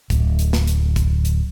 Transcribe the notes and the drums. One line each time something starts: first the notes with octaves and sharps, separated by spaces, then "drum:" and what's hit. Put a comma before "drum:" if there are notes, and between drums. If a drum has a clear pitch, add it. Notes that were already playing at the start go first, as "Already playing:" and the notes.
D1, drum: kick, hi-hat
drum: hi-hat
drum: snare
drum: hi-hat
drum: kick, hi-hat
drum: hi-hat